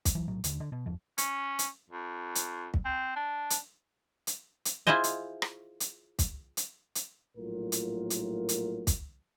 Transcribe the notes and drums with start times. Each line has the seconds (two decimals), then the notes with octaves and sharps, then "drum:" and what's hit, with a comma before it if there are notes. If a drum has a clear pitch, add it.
0.05 drum: kick, hi-hat
0.15 E3 F#3
0.28 A#1 A2 F#3
0.44 D#2 D3, drum: hi-hat
0.60 D3
0.72 B2
0.86 G1 E2 F3
1.18 C#4, drum: hi-hat
1.59 drum: hi-hat
1.90 F2
2.35 drum: hi-hat
2.74 drum: kick
2.85 C4
3.16 D4
3.50 drum: hi-hat
4.27 drum: hi-hat
4.65 drum: hi-hat
4.87 E4 F4 G#4 C5 D#5
5.04 drum: hi-hat
5.42 drum: rim click
5.80 drum: hi-hat
6.19 drum: kick, hi-hat
6.57 drum: hi-hat
6.95 drum: hi-hat
7.37 A#1 A2 F#3 A#3 F4 A#4
7.72 drum: hi-hat
8.10 drum: hi-hat
8.49 drum: hi-hat
8.87 drum: kick, hi-hat